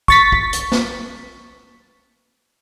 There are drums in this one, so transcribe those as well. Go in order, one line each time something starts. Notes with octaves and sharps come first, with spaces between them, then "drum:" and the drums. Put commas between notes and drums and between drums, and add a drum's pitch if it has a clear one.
C#6 A6 B6, drum: kick
drum: kick
drum: hi-hat
drum: snare